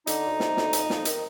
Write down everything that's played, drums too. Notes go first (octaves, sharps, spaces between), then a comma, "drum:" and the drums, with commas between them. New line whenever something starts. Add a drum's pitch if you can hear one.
D3 D#4, drum: hi-hat
D2
C3, drum: snare
D2, drum: snare
F2, drum: hi-hat
F2, drum: snare
D#3, drum: hi-hat